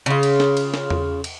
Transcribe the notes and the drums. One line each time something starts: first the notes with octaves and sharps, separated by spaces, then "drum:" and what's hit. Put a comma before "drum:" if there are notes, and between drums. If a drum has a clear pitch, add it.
C#3 F4
drum: cymbal
drum: snare
drum: cymbal
drum: snare
drum: tom E2
drum: cymbal